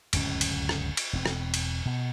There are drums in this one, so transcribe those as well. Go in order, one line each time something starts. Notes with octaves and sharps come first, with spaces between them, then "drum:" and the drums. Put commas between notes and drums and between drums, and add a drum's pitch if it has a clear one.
D1 C#2 F#2 C#4, drum: cymbal
drum: cymbal
drum: rim click
drum: cymbal
E1 C4
drum: rim click
drum: cymbal
B2